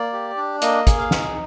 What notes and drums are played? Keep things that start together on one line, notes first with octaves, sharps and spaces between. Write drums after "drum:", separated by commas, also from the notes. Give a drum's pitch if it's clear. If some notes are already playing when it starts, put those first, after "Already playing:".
Already playing: A#3 D5
G4
D4
A#3 D#5, drum: hi-hat
G#4, drum: kick, hi-hat
F5
D#4, drum: snare